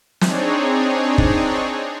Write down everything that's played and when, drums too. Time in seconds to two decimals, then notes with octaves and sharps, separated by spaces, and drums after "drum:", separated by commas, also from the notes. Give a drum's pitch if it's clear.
0.21 C4 D4 D#4 G#4 C#5, drum: snare
1.18 drum: kick